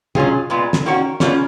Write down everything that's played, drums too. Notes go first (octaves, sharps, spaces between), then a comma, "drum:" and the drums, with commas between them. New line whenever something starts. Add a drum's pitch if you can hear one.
F#3 C#4 F4 G#4, drum: tom
A#2 G#3 B3 F4
drum: snare
D#3 A#3 C#4 F#4
B2 A#3 C#4 F4 G#4, drum: snare